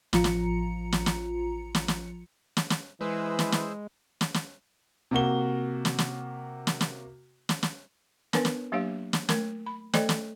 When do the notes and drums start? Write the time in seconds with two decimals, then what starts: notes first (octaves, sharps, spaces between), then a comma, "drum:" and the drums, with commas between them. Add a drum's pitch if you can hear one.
0.13 A1 F3 F4 A#5 C#7, drum: snare
0.24 drum: snare
0.92 drum: snare
1.06 drum: snare
1.75 drum: snare
1.88 drum: snare
2.57 drum: snare
2.70 drum: snare
3.01 E3 G#3 G#4 B4 C5 E6
3.39 drum: snare
3.52 drum: snare
4.21 drum: snare
4.34 drum: snare
5.11 C3 A#3 F#4 G7
5.85 drum: snare
5.99 drum: snare
6.67 drum: snare
6.81 drum: snare
7.49 drum: snare
7.63 drum: snare
8.33 B3 D4 A#4 B4 C#5 G#5, drum: snare
8.45 drum: snare
8.72 F#3 A#3 D4 G4 C#5 F5
9.13 drum: snare
9.29 A3 A#4, drum: snare
9.66 B5
9.93 A3 A4 C5 D5 D#5, drum: snare
10.09 drum: snare